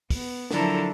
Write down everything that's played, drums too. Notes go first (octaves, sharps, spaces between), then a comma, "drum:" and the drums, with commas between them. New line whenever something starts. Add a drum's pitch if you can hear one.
B3, drum: kick, open hi-hat
D3 F3 F#3 E4 A4 A#4, drum: snare